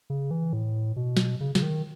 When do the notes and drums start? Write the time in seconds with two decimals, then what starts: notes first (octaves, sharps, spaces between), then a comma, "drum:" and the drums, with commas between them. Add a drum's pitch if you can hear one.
0.10 C#3
0.31 E3
0.53 A2
0.96 B2
1.17 drum: snare
1.40 C#3
1.55 C#3, drum: snare
1.62 D#3